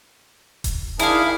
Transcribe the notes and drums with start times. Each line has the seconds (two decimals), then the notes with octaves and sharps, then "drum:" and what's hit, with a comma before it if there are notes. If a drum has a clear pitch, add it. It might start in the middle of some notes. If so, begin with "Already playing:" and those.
0.64 drum: kick D#1, hi-hat
0.99 D#3 D4 E4 G#4 F5, drum: hi-hat